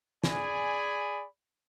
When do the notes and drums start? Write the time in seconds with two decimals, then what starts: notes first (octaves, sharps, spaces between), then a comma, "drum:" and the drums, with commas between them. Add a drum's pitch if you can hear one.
0.24 G#4 D5 G#5 B5, drum: snare